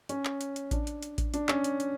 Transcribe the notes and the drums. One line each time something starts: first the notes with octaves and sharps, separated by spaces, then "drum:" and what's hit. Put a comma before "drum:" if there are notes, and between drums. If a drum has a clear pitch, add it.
C#4, drum: hi-hat
drum: clap
drum: hi-hat
drum: hi-hat
D4, drum: kick A1, hi-hat
drum: hi-hat
drum: hi-hat
drum: kick A1, hi-hat
D4, drum: hi-hat
C#4, drum: clap
drum: hi-hat
drum: hi-hat